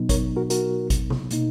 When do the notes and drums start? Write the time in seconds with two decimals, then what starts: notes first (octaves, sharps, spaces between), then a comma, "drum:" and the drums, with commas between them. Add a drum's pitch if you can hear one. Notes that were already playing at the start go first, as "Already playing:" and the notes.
Already playing: B2 F#3 B3 D#4
0.09 A#4 C#5, drum: kick G#1, hi-hat
0.36 F#4 A#4
0.50 F#4 A#4, drum: hi-hat
0.90 drum: kick G#1, hi-hat
1.10 drum: tom C3
1.31 B2 A#3 D#4, drum: hi-hat